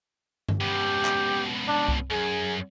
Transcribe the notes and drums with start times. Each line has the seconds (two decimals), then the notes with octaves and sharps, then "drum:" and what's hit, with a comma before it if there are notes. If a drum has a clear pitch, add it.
0.49 drum: tom G2
0.61 C#2 B2 G4
1.05 drum: clap
1.68 D4
1.88 drum: kick C2
2.11 F#2 G#4